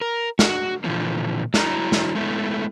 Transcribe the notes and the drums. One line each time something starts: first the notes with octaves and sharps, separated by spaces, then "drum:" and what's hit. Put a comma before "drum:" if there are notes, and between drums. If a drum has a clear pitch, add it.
A#4
F#4, drum: snare
A#2 D3 E3 F3 A#3
F#3 E4 A#5, drum: snare
drum: snare
G#3 A3 B3 E4